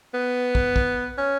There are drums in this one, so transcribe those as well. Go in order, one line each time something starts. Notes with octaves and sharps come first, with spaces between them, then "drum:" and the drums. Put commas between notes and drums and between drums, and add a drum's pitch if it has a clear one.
B3
drum: kick
drum: kick
C#4